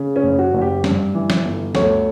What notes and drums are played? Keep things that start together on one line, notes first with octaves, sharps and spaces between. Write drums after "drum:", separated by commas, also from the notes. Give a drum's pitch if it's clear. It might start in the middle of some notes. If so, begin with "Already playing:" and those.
Already playing: C#3
C#4
F#1
F#4
F#1
G4
G2, drum: snare
E3
drum: snare
G1
D2 C#5, drum: snare